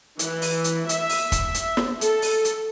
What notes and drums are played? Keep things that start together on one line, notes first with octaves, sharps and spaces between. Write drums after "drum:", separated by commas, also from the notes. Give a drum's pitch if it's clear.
E3, drum: hi-hat
drum: open hi-hat
drum: hi-hat
E5, drum: hi-hat
drum: open hi-hat
drum: kick, hi-hat
drum: hi-hat
drum: snare
A4, drum: hi-hat
drum: open hi-hat
drum: hi-hat